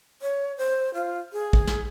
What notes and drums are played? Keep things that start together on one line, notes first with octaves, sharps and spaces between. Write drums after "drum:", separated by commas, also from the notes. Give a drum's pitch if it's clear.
C#5
C5
F4
G#4
drum: kick
drum: snare